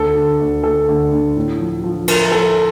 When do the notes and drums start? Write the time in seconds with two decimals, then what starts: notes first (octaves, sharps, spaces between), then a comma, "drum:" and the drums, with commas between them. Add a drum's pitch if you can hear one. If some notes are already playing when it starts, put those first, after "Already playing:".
Already playing: D2 A4
0.16 D3
0.40 D2
0.63 D2 A4
0.89 D2
1.12 D2
1.37 A2
1.60 F3
1.84 F3
2.08 F3 A#4, drum: cymbal
2.32 F3 A4